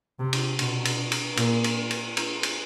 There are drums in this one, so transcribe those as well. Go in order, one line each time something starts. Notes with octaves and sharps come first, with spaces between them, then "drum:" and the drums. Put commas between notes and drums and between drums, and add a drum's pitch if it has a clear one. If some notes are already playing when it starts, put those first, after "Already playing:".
C3
drum: cymbal
B2, drum: cymbal
drum: cymbal
drum: cymbal
A#2, drum: cymbal
drum: cymbal
drum: cymbal
drum: cymbal
drum: cymbal